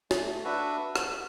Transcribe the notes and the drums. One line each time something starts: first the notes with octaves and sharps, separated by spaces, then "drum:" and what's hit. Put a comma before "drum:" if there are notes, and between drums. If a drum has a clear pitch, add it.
A3, drum: snare
D4 F#4 B4 E5
drum: rim click